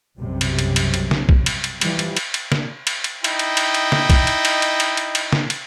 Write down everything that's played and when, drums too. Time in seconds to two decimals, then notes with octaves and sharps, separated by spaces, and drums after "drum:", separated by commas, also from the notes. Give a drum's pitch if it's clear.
0.21 B1 F#2 C3 G3
0.41 drum: cymbal
0.59 drum: cymbal
0.76 drum: cymbal
0.94 drum: cymbal
1.11 drum: snare
1.29 drum: kick
1.46 drum: cymbal
1.64 drum: cymbal
1.81 E3 F3 G3, drum: cymbal
1.99 drum: cymbal
2.17 drum: cymbal
2.34 drum: cymbal
2.52 drum: snare
2.87 drum: cymbal
3.04 drum: cymbal
3.24 D#4 E4 D#5 G5, drum: cymbal
3.39 drum: cymbal
3.57 drum: cymbal
3.74 drum: cymbal
3.92 drum: snare
4.10 drum: kick, cymbal
4.27 drum: cymbal
4.45 drum: cymbal
4.62 drum: cymbal
4.80 drum: cymbal
4.97 drum: cymbal
5.15 drum: cymbal
5.32 drum: snare
5.50 drum: cymbal